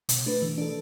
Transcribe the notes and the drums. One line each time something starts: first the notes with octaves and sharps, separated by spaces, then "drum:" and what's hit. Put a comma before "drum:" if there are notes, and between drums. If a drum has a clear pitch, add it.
B2, drum: hi-hat
A3 D4 B4
E3
D4 A4